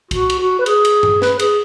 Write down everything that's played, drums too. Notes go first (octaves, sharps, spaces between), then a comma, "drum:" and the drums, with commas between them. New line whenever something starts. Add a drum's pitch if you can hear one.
F#4, drum: kick, cymbal
drum: cymbal
F#4
B4
G#4, drum: cymbal
drum: cymbal
drum: tom G2
B4, drum: snare
G#4, drum: cymbal